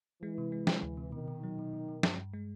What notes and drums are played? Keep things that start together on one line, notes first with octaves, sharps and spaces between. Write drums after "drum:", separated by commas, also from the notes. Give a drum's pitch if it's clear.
E3 G#3
C3
G#3
G#3, drum: snare
D2
C3
B2 D#3
B2
F#3
B2
B2
B2
G2, drum: snare
G2
G#3